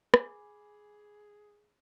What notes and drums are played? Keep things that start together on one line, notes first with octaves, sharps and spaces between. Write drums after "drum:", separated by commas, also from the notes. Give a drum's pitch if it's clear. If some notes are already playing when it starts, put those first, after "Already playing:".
G#4 G#5 B5 D6, drum: rim click